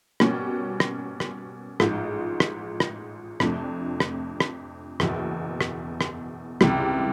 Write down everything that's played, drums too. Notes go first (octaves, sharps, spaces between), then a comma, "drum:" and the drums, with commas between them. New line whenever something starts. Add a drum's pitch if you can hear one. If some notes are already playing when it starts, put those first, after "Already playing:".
B2 G3 A#3 C#4 F#4, drum: rim click
drum: rim click
drum: rim click
A1 G#2 F3 G#3, drum: rim click
drum: rim click
drum: rim click
F2 C3 F3 A3 D4, drum: rim click
drum: rim click
drum: rim click
F#1 E2 B2, drum: rim click
drum: rim click
drum: rim click
C#2 C3 E3 G3, drum: rim click